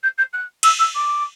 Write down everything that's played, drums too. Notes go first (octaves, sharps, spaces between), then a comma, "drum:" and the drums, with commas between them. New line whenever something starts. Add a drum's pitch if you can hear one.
G6
G6
F#6
E6, drum: cymbal
E6
D6